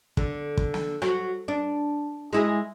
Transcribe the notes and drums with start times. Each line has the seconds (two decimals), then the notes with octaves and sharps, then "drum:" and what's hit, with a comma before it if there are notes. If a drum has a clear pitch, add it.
0.17 D3, drum: kick
0.57 drum: kick
0.74 drum: snare
1.02 F#3, drum: rim click
1.48 D4
2.33 G#3 E4 G#4